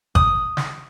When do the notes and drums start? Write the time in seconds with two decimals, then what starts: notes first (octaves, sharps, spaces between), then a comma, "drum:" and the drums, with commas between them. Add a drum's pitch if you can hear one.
0.15 D#6, drum: kick G#1
0.57 drum: snare